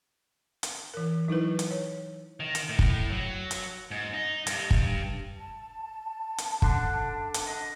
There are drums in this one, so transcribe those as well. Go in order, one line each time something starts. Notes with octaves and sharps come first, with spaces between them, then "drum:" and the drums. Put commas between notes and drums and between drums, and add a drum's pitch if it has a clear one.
drum: hi-hat
E3 A#4
F#3 D#4 E4 B4
drum: hi-hat
C#5
D#3
drum: hi-hat
A2
drum: kick
F#3
drum: hi-hat
G#2
D#4
G2, drum: hi-hat
drum: kick
A5
drum: hi-hat
D3 D4, drum: kick
drum: hi-hat
D#5